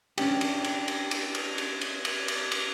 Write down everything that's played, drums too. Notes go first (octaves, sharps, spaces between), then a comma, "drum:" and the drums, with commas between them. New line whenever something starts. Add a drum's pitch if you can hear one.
C#4 D4 G4, drum: cymbal
drum: cymbal
drum: cymbal
drum: cymbal
drum: cymbal
drum: cymbal
drum: cymbal
drum: cymbal
drum: cymbal
drum: cymbal
drum: cymbal